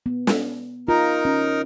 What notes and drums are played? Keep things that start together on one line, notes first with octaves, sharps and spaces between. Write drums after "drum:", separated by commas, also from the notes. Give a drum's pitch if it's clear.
B3
drum: snare
D#4 F4 A#4
C#4